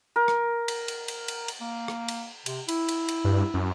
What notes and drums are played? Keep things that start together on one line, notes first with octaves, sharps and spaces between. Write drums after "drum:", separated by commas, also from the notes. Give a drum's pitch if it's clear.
A#4
drum: rim click
drum: cymbal
drum: cymbal
drum: cymbal
drum: cymbal
drum: cymbal
A#3
drum: rim click
drum: cymbal
C3, drum: cymbal
E4, drum: cymbal
drum: cymbal
drum: cymbal
G2
F#2